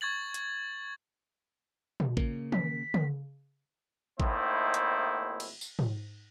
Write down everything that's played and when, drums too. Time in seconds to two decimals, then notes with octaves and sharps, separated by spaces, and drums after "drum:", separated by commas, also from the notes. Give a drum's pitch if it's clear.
0.01 C#6 G#6 A6 F#7
0.34 drum: hi-hat
2.00 drum: tom A#2
2.17 C#3 A#3, drum: kick
2.52 B6, drum: tom
2.94 drum: tom
4.20 G#1 A2 A#3 D#4 E4 C5, drum: kick
4.74 drum: hi-hat
5.40 drum: cymbal
5.61 drum: tambourine
5.79 drum: tom G#2